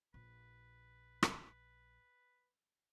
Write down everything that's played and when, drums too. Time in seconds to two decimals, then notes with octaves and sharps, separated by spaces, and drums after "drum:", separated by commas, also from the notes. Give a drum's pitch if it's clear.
0.14 A#1 B4
1.23 drum: rim click